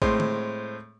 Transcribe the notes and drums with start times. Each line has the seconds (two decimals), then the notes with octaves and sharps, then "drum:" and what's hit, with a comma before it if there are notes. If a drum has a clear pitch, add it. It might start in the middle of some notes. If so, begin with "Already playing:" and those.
0.02 A2 G#3 C4 C6, drum: kick A1
0.20 drum: tom